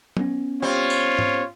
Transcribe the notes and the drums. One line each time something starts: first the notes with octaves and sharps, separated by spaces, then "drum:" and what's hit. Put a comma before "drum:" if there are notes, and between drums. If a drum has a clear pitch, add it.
B3 C#4, drum: tom
G3 C4 F4 C#5
drum: tambourine
drum: tom